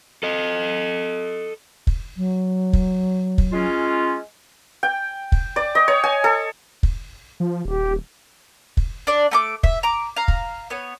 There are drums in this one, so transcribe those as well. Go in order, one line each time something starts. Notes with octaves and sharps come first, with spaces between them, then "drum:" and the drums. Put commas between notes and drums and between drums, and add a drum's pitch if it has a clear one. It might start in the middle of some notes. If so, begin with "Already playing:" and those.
A4 D#5
drum: kick
F#3
drum: kick
drum: kick
G#3 C#4 F4
G5
drum: kick
D5
D#5
C#5
G#5
A4
drum: kick
F3
D#1 G4
drum: kick
D4 D5
A3 A#5 D6
E5, drum: kick
A#5 D6
F5 A#5
drum: kick
B3 C#5